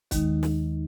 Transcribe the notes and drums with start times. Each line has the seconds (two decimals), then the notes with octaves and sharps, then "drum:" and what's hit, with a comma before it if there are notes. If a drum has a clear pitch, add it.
0.11 D#2 D#3 G#3 D#4, drum: kick, hi-hat
0.43 drum: snare